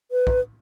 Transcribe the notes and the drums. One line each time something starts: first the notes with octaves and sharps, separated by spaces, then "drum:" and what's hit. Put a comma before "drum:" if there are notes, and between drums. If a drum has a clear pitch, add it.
B4
drum: kick